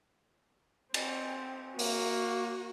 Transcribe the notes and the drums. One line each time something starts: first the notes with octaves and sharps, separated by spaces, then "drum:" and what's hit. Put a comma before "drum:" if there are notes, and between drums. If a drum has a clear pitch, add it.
C4, drum: cymbal
A#3 F#4, drum: open hi-hat